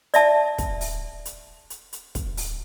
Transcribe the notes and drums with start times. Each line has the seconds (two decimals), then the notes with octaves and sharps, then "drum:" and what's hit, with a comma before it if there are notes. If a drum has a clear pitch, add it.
0.14 D5 E5 A5, drum: hi-hat
0.58 drum: kick, hi-hat
0.81 drum: open hi-hat
1.25 drum: hi-hat
1.70 drum: hi-hat
1.93 drum: hi-hat
2.15 drum: kick, hi-hat
2.37 drum: open hi-hat